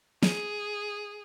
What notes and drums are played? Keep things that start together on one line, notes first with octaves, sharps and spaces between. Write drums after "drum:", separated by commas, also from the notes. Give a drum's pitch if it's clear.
G#4, drum: snare